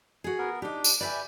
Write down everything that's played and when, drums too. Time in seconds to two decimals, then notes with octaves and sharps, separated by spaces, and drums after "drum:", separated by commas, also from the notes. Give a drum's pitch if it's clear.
0.24 F#4 G#4
0.39 B3 A#4
0.62 D4 D#4 G4
0.84 drum: tambourine
1.01 G4 B4 D5 E5 G#5